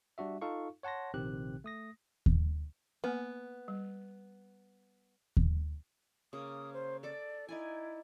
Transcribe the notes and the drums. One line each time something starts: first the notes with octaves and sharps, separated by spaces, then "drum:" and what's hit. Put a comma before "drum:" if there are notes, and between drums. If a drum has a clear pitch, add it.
G3 D4 F#4 E5
D#4 F4 A4 F5 C#6
C#5 F#5 A5 C6 A#6
A#1 C3 D#3 C4 G4 F#6
A3 D#6 A#6
drum: kick D#2
A#3 B3 G#5
G3
drum: kick D#2
C#3 A#3 D#6
C5
A4 D5 D6
D#4 E4 D5 G#5